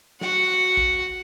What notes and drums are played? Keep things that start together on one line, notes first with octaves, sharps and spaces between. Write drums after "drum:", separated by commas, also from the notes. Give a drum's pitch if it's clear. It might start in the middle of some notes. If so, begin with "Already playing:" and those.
F#4 F#5, drum: snare
drum: kick A1